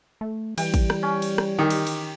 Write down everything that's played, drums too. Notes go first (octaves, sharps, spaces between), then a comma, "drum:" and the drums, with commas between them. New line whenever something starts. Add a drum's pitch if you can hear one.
A3
E3 G3 G5, drum: cymbal
drum: kick, cymbal
drum: rim click
C#4
drum: cymbal
drum: rim click
D#3 G4
drum: cymbal
drum: cymbal